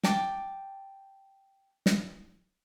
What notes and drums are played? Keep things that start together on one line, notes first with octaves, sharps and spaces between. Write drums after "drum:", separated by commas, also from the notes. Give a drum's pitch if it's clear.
G5 A5 D6, drum: snare
drum: snare